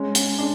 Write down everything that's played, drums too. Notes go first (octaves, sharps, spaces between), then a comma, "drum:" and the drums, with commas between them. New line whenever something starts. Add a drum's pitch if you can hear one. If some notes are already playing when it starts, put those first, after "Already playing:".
Already playing: G#3 C#4
C#4, drum: hi-hat
G#3 D4